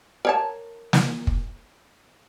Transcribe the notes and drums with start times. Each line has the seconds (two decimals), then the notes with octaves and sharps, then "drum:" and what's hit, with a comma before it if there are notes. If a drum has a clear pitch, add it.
0.25 A#4 C#5 A5
0.93 drum: snare
1.27 drum: kick